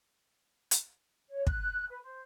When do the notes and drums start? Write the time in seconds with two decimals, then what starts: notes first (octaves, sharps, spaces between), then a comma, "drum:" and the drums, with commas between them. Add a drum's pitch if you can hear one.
0.71 drum: hi-hat
1.30 C#5
1.47 F#6, drum: kick
1.89 B4
2.03 C5